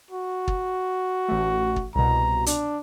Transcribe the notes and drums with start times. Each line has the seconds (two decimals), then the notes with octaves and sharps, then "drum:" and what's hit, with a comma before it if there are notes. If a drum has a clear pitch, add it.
0.11 F#4
0.48 drum: kick
1.28 A1 A3
1.76 drum: kick
1.95 C2 B2 A#5
2.46 D4, drum: hi-hat